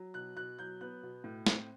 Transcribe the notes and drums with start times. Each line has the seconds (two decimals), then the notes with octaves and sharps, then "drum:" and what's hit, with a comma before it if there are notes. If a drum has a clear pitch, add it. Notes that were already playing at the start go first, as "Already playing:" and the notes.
Already playing: F#3
0.14 B2 F#6
0.36 B2 F#6
0.59 F#3 G6
0.81 B3 F#6
1.03 B2
1.24 A2
1.46 C4, drum: snare